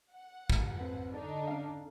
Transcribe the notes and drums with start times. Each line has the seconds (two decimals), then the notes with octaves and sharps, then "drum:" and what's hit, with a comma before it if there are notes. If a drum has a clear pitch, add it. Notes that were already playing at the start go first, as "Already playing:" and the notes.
0.12 F#5
0.50 C#2 G2, drum: kick
0.79 C4 B4
1.14 D3 D4 D#4 A4
1.48 C#4 A4 F5